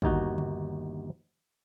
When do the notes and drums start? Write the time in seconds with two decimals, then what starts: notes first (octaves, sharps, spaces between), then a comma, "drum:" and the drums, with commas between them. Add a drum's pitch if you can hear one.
0.02 G1 D#2 D#4 F#4, drum: kick
0.38 drum: tom